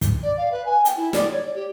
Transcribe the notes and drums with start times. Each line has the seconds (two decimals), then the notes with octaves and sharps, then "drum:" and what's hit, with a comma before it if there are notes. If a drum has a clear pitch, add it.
0.01 drum: kick, hi-hat
0.23 D5
0.37 F5
0.52 B4
0.65 G#5
0.85 G5, drum: hi-hat
0.97 E4
1.13 D5, drum: snare
1.31 C#5
1.43 D5
1.55 G4